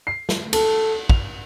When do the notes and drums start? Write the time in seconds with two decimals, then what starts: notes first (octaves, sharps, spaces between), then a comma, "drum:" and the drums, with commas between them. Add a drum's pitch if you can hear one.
0.07 C7
0.29 drum: snare
0.53 A4, drum: cymbal
1.10 F7, drum: kick